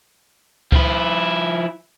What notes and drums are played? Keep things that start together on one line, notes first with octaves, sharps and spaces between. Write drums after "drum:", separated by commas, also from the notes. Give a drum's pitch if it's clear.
F3 E4, drum: kick C#2